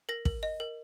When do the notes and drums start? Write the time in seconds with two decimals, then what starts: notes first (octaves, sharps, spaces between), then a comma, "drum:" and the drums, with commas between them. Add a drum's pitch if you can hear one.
0.09 A#4 A#6
0.25 A#4, drum: kick
0.43 D#5
0.60 A#4